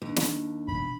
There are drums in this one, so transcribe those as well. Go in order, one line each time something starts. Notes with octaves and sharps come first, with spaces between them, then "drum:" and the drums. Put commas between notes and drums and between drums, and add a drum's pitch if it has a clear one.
D#2 D4
drum: snare
E1 E2 B5